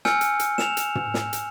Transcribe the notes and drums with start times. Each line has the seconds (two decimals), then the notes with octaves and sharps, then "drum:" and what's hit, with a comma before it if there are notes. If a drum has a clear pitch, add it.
0.05 G#5 E6 F6 G6 C#7, drum: snare
0.21 drum: hi-hat
0.40 drum: hi-hat
0.58 E7 F7, drum: snare
0.77 drum: hi-hat
0.95 drum: tom
1.14 drum: snare
1.33 drum: hi-hat